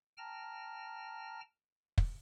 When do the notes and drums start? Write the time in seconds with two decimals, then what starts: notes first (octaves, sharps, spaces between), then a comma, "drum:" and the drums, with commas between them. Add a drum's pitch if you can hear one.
0.18 G5 A5 A#5 F6 A#6
1.98 drum: kick